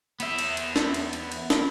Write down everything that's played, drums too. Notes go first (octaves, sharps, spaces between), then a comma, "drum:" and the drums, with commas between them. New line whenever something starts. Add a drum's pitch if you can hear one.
B3 E5, drum: cymbal
drum: cymbal
drum: cymbal
drum: snare
drum: cymbal
drum: cymbal
drum: cymbal
drum: snare